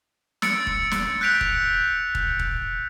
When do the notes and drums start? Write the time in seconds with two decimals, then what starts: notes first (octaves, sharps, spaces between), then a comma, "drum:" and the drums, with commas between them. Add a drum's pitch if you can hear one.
0.42 E6 A6 C#7 D7, drum: snare
0.67 drum: kick D#1
0.91 drum: snare
1.21 F#6 G6 B6 D7 F7
1.41 drum: kick D#1
2.15 drum: kick D#1
2.39 drum: kick D#1